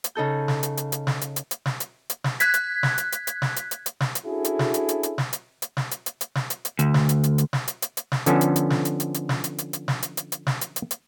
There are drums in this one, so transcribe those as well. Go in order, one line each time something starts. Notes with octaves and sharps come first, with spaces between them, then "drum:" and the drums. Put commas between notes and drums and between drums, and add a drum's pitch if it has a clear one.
drum: hi-hat
C#3 D#4 A4 G6
drum: snare
drum: hi-hat
drum: hi-hat
drum: hi-hat
drum: snare
drum: hi-hat
drum: hi-hat
drum: hi-hat
drum: snare
drum: hi-hat
drum: hi-hat
drum: snare
F#6 G#6 B6, drum: hi-hat
drum: hi-hat
drum: snare
drum: hi-hat
drum: hi-hat
drum: hi-hat
drum: snare
drum: hi-hat
drum: hi-hat
drum: hi-hat
drum: snare
drum: hi-hat
C#4 D4 E4 F#4 G#4 A4
drum: hi-hat
drum: snare
drum: hi-hat
drum: hi-hat
drum: hi-hat
drum: snare
drum: hi-hat
drum: hi-hat
drum: snare
drum: hi-hat
drum: hi-hat
drum: hi-hat
drum: snare
drum: hi-hat
drum: hi-hat
D2, drum: hi-hat
drum: snare
drum: hi-hat
drum: hi-hat
drum: hi-hat
drum: snare
drum: hi-hat
drum: hi-hat
drum: hi-hat
drum: snare
D3 F3 B3 C#4 A4 G#5, drum: hi-hat
drum: hi-hat
drum: hi-hat
drum: snare
drum: hi-hat
drum: hi-hat
drum: hi-hat
drum: snare
drum: hi-hat
drum: hi-hat
drum: hi-hat
drum: snare
drum: hi-hat
drum: hi-hat
drum: hi-hat
drum: snare
drum: hi-hat
drum: hi-hat
drum: hi-hat